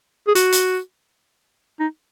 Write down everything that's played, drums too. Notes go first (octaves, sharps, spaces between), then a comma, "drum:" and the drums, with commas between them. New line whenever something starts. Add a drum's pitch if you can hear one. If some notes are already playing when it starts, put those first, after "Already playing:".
G#4
F#4, drum: hi-hat
drum: hi-hat
D#4